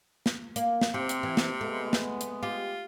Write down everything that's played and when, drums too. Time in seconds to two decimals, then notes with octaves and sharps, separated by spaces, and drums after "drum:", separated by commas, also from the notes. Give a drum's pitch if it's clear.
0.26 drum: snare
0.56 A#3, drum: hi-hat
0.81 drum: snare
0.94 C3 C4 G4
1.09 drum: hi-hat
1.23 E3
1.37 drum: snare
1.61 G#3 A3 B3
1.93 drum: snare
2.21 drum: hi-hat
2.43 F4 G4